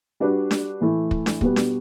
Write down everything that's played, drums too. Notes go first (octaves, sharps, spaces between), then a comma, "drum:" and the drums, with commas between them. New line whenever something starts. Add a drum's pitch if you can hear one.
G3 D4 F#4 B4 D5
drum: snare D4
A2 E3 A3 E4
drum: kick
drum: snare D4
B2 G3 B3 F#4 B4, drum: kick
drum: snare D4